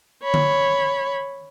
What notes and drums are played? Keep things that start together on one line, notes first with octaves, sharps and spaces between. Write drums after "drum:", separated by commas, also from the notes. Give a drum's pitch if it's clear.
C#5 B5
drum: tom D3